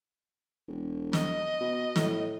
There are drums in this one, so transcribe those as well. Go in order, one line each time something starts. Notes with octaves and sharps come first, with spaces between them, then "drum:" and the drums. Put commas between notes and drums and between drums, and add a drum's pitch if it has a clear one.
E1
D#5, drum: snare
B2
A2, drum: snare